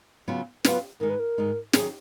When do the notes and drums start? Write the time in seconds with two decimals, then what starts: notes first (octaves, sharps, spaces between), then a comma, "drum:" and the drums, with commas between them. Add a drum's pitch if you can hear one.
0.28 C#3 F#3 B3 F4
0.64 C#3 F#3 B3 F4 B4, drum: snare
1.00 G#2 D#3 G#3 D#4 A#4
1.09 B4
1.19 A#4
1.38 G#2 D#3 G#3 D#4
1.73 D#3 F#3 C#4 G#4, drum: snare